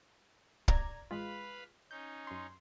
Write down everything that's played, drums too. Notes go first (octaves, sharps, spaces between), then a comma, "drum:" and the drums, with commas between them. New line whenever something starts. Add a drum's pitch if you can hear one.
D5 A#5 G#6, drum: kick
A1 G#3 F4 B4 F5 B5
C#4 D#4 G6
F#2 C6